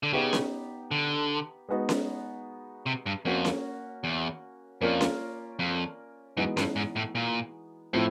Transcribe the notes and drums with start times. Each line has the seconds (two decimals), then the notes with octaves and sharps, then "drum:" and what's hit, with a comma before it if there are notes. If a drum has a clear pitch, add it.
0.03 D3
0.13 C#3 B3 D#4 G4
0.33 drum: snare C#4
0.91 D3
1.69 G#3 B3 D#4 F#4
1.89 drum: snare C#4
2.86 C3
3.06 G2
3.25 F2 A#3 C#4 F#4
3.45 drum: snare C#4
4.04 E2
4.81 F2 A#3 C#4 F4 A#4 D5
5.01 drum: snare C#4
5.59 F2
6.37 F#2 E3 G#3 B3 D#4 F#4
6.57 G2, drum: snare C#4
6.76 G#2
6.96 A2
7.15 A#2
7.93 A2 F3 A3 C4 E4